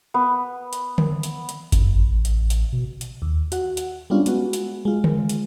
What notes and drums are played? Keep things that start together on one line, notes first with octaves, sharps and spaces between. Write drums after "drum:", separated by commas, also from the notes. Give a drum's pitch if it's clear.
B3
drum: hi-hat
drum: tom D3
drum: hi-hat
drum: hi-hat
F#2, drum: kick G1, hi-hat
A1
drum: hi-hat
drum: hi-hat
B2
drum: hi-hat
D#2
F#4 F#5, drum: hi-hat
drum: hi-hat
G3 G#3 B3 C#4 D4 F4
G#3 B3 F#4, drum: hi-hat
drum: hi-hat
G#3 F4
drum: tom D3
drum: hi-hat